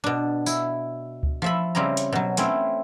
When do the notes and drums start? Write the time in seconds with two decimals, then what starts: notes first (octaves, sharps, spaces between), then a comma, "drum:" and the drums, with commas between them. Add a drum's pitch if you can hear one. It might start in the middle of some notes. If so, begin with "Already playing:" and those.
0.04 B2 D4
0.46 E4, drum: tambourine
1.23 drum: kick C#2
1.42 F3 E5 B5
1.75 C#3 G3 C4 E4 A#5
1.97 drum: hi-hat
2.12 B2 F#3
2.37 A3 C4 C#4 E4, drum: hi-hat